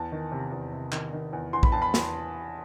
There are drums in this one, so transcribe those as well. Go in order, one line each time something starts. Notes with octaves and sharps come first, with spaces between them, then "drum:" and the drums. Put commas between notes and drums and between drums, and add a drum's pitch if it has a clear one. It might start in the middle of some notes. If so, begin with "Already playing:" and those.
Already playing: E2 A5
D#3
C3
E2
C3
D#3, drum: clap
D#3
E2
E2 C6
B5, drum: kick
E2 A5
B5
E2, drum: snare